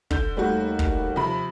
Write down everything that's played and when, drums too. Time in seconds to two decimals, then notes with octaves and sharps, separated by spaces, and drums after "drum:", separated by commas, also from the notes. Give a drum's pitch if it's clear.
0.11 D3 G6, drum: kick
0.37 D#2 G3 A3 F#4
0.79 drum: kick
1.16 C3 F3 B5